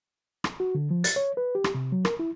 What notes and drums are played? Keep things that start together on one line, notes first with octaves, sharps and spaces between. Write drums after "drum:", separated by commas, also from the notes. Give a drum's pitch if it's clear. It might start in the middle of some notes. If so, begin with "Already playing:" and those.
drum: rim click
F#4
D3
F3
A6, drum: hi-hat
C#5
B4
G4
drum: rim click
C3
F#3
A#4, drum: rim click
E4